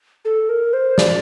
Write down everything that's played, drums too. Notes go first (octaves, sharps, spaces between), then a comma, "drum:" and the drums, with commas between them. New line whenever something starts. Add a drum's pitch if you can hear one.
A4
A#4
C5
D5, drum: snare